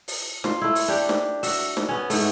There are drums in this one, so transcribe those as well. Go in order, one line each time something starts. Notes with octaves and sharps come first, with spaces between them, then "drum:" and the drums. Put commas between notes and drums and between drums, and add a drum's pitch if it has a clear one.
drum: open hi-hat
F4, drum: snare
A3 E4
drum: open hi-hat
D4 G4
drum: snare
F#4 E5, drum: open hi-hat
drum: snare
B3 C#4
G#2 A3, drum: open hi-hat